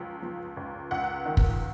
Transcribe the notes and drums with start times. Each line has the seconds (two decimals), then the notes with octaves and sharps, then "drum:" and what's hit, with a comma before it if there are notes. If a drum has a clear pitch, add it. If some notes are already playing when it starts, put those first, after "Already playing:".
Already playing: C#2 F3
0.22 F3
0.57 C#2
0.91 C#2 F#5
1.26 D#3
1.37 drum: kick